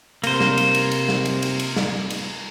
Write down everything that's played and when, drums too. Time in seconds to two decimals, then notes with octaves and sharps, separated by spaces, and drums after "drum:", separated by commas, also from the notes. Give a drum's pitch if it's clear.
0.24 C3 A#3 C5, drum: cymbal
0.41 drum: snare
0.58 drum: cymbal
0.75 drum: cymbal
0.92 drum: cymbal
1.08 drum: snare
1.25 drum: cymbal
1.42 drum: cymbal
1.59 drum: cymbal
1.76 drum: snare
2.10 drum: cymbal